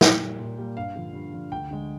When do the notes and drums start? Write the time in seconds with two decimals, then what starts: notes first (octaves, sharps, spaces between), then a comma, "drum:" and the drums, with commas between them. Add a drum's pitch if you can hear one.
0.01 A#2 G5, drum: snare
0.20 G3 A#3
0.39 A#2
0.58 G3 A#3
0.77 G2 F5
0.96 D3 F3
1.14 G2
1.33 D3 F3
1.52 D2 G5
1.71 D3 G#3